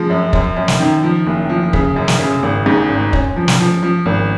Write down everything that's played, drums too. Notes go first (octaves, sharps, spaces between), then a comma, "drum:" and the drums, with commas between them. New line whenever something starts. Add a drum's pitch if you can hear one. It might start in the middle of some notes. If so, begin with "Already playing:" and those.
Already playing: F3 G#3
F#2
F#2, drum: kick
F#2
drum: snare
D#3
F3
F#1
F3
C#3, drum: kick
F#2
drum: snare
C#3
G#1
G#2
G#1
C#4, drum: kick
F3
drum: snare
F3
F3
G#1